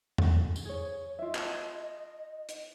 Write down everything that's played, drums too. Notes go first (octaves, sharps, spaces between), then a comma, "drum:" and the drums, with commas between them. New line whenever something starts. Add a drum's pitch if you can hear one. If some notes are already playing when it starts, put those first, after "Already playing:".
drum: tom E2
drum: tambourine
G#4 C#5
F4 D#5 E5
drum: clap
drum: hi-hat